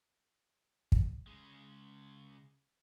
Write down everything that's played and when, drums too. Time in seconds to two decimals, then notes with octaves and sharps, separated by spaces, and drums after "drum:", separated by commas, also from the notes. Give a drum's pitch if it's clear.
0.92 drum: kick
1.27 C#3 G#3